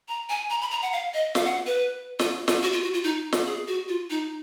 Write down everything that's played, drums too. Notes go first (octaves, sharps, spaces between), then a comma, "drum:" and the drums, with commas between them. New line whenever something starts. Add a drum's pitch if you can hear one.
A#5
G#5
A#5
B5
A#5
F#5
F5
D#5
F5, drum: snare
F#5
B4
F4, drum: snare
F4, drum: snare
F#4
F4
F#4
F4
D#4
drum: snare
G#4
F#4
F4
D#4